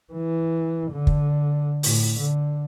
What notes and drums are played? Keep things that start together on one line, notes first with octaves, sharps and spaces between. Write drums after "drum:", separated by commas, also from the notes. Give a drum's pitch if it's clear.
E3
D3
drum: kick
A2, drum: open hi-hat
D3